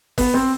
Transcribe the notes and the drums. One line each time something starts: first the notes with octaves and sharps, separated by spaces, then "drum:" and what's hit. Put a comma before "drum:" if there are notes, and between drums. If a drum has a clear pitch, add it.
B3, drum: kick, open hi-hat
C4